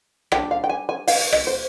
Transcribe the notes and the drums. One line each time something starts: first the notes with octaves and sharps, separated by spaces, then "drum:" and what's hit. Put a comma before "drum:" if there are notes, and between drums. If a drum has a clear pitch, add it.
G3 D4 G5, drum: rim click
F5
G5
G#5
G#5
F5, drum: open hi-hat
D#5, drum: rim click
C5